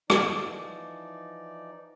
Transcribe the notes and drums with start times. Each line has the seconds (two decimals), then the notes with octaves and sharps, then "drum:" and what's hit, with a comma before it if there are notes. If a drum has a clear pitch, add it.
0.10 E3 F3 D#4 D5, drum: rim click